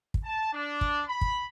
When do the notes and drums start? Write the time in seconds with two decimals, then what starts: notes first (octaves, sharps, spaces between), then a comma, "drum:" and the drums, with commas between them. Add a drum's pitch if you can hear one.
0.14 drum: kick
0.24 A5
0.53 D4
0.81 drum: kick
1.08 B5
1.21 drum: kick